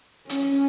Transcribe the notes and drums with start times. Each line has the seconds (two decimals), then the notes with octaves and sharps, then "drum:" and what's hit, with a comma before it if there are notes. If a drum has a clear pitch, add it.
0.29 C#4, drum: hi-hat